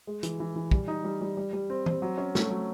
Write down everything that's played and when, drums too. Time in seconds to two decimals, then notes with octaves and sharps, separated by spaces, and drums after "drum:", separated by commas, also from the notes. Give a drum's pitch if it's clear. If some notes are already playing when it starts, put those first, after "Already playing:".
0.07 G#3
0.23 E3, drum: hi-hat
0.40 E3
0.56 E3
0.71 G3, drum: kick
0.88 D#4
1.04 G3
1.21 G3
1.37 G3
1.53 G3
1.70 C4
1.86 C4, drum: tom E3
2.02 F#3
2.18 C#4
2.35 A3, drum: snare
2.50 F#3